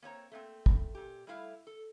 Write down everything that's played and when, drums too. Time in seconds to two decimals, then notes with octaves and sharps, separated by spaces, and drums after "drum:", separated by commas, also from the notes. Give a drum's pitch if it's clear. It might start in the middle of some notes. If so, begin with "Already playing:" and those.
0.02 A#3 C4 C#5 A#5
0.32 A3 A#3 C4
0.66 drum: kick
0.95 A#2 G4
1.27 G3 A3 E4 F5
1.67 A4